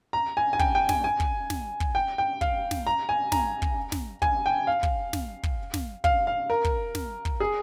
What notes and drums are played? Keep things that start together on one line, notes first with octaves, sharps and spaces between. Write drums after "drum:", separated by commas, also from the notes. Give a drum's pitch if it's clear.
A#5
G#5
G#5
G5, drum: kick
G5
G#5, drum: snare
G#5
drum: kick
drum: snare
drum: kick
G5
G5
F5, drum: kick
drum: snare
A#5
G#5
A#5, drum: snare
drum: kick
drum: snare
G#5, drum: kick
G5
F5
drum: kick
drum: snare
drum: kick
drum: snare
F5, drum: kick
F5
A#4
drum: kick
drum: snare
drum: kick
G#4